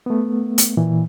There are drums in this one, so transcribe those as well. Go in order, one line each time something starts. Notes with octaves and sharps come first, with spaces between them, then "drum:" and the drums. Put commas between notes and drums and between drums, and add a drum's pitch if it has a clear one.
A3 B3
drum: hi-hat
A#2 E3